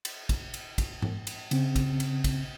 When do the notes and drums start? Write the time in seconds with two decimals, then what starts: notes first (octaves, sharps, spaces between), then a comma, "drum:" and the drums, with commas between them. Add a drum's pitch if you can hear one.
0.05 drum: cymbal
0.29 drum: kick, cymbal
0.54 drum: cymbal
0.78 drum: kick, cymbal
1.02 drum: tom G#2
1.27 drum: cymbal
1.51 C#3 C4, drum: cymbal
1.76 drum: kick, cymbal
2.00 drum: cymbal
2.24 drum: kick, cymbal